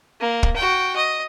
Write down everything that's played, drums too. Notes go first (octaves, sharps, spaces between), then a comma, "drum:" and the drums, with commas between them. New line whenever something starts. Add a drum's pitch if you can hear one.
A#3
drum: kick
F#4 G5
D#5